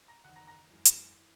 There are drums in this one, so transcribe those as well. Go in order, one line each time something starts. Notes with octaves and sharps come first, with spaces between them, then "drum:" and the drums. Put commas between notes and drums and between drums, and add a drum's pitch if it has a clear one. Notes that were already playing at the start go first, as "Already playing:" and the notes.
A#5 A#6
F#1 E2 D#3 F#5 F#6
A#5 A#6
A#5 A#6
F#2 E3 G#3
drum: hi-hat
E3